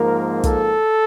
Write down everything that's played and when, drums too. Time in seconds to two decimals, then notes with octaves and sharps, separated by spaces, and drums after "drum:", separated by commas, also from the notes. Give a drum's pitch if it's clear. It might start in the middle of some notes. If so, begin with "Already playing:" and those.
Already playing: G#2 F3 A#3 A#4
0.44 A4, drum: kick, hi-hat